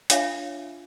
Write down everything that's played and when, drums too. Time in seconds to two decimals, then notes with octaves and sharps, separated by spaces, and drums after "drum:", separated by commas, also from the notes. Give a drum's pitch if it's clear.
0.10 D4 F4 C#5 E5 F5 G#5, drum: hi-hat